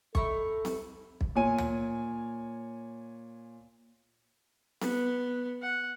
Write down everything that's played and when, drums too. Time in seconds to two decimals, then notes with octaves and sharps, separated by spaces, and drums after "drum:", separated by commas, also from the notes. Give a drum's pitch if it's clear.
0.15 D#4 E4 A4 C#6, drum: kick
0.65 drum: snare C4
1.21 drum: kick
1.35 A#2 C#5 G#5 D#7
1.58 drum: tom D2
4.81 B3, drum: snare C4
5.62 F#5